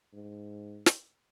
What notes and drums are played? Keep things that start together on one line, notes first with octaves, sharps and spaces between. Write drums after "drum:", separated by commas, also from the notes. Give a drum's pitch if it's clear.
G#2
drum: snare